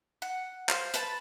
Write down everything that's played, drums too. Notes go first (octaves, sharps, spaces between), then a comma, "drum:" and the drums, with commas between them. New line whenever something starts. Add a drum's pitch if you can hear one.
F#5
C5 F5, drum: clap
B4 A5, drum: hi-hat